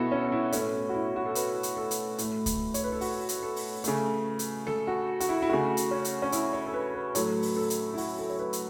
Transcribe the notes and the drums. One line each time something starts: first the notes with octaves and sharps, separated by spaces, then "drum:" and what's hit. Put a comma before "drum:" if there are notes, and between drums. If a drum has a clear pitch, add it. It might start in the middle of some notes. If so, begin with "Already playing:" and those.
Already playing: B2 B3 E4 F#4 A4 B4
C#4
E4
A2 A3 C#4, drum: hi-hat
F#4
E4
F#4
A4
B4, drum: hi-hat
drum: hi-hat
A4
drum: hi-hat
A2 A3, drum: hi-hat
drum: kick C#2, hi-hat
C#5, drum: hi-hat
B4
A4
F#4, drum: open hi-hat
drum: hi-hat
A4
drum: open hi-hat
C#3 A3, drum: hi-hat
drum: hi-hat
A4, drum: snare G#3
F#4
F#4, drum: hi-hat
E4
E4
C#3 A3 F#4
drum: hi-hat
C#4
drum: hi-hat
C#4
E4, drum: hi-hat
C#5
A4
B4
B4
A2 F#3 A3 C#5, drum: hi-hat
drum: open hi-hat
A4
drum: hi-hat
E4
F#4, drum: open hi-hat
A4
C#5
B4
drum: hi-hat